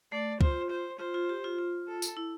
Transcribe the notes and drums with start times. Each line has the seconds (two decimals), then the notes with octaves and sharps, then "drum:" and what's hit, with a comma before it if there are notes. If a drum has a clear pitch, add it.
0.12 A3 D5
0.41 F4 C5, drum: kick
0.70 C5
0.99 F4 C5
1.14 F4
1.29 G4
1.44 F4
1.59 F4
1.88 A4
2.02 drum: tambourine
2.17 E4